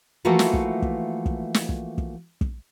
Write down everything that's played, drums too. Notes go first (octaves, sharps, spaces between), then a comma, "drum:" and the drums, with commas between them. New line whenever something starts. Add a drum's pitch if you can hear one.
E3 F3 A3 A#3 F#4 B4
drum: snare
drum: kick
drum: kick
drum: kick
drum: snare
drum: kick
drum: kick
drum: kick